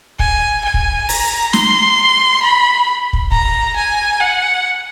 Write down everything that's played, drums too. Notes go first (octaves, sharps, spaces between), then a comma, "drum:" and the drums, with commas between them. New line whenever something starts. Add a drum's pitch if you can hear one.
G#5, drum: kick
G#5
drum: kick
A#5, drum: open hi-hat
C6, drum: snare
B5
drum: kick
A#5, drum: kick
G#5
F#5